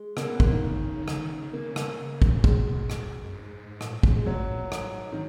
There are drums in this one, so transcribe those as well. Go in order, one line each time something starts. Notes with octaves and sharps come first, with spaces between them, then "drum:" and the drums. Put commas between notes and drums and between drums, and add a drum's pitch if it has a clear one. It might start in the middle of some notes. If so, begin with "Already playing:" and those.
Already playing: G#3
C#3 A#3, drum: rim click
B3
A#3, drum: kick
D#3
D#3
C#3, drum: rim click
D#3
C#3
C#3
C#3 A#3
drum: rim click
drum: kick
B2 G#3, drum: kick
A#2, drum: rim click
F#2
F#2
G#2
A#2, drum: rim click
drum: kick
G#3
F#3
G#2, drum: rim click
D#3